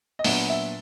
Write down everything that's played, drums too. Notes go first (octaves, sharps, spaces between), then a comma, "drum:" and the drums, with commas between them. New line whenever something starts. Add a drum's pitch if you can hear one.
D#5
A#2 F#3 B3 D4 E5, drum: open hi-hat
E5